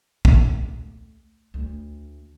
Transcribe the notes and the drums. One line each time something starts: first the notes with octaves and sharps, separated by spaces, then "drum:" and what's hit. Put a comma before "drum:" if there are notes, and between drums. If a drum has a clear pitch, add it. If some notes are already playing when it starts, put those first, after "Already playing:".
A3, drum: kick
D2 A3